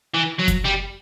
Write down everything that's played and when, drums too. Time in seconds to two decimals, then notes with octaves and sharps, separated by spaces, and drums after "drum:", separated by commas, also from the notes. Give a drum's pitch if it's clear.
0.14 E3
0.39 F#3
0.48 drum: kick F#1, hi-hat
0.64 G3